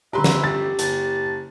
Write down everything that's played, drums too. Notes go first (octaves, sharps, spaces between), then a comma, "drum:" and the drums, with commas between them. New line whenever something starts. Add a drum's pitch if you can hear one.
G2 D3 G4 B4 E5 A#5 C6
drum: snare
G1 G4 A6
F#1 A5, drum: hi-hat